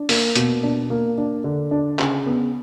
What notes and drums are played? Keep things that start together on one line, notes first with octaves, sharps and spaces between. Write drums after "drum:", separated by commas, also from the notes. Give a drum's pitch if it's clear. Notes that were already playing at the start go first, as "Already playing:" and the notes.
Already playing: D4
A#3, drum: open hi-hat
B2, drum: hi-hat
D4
A#3
D4
D3
D4
C#3, drum: clap
B3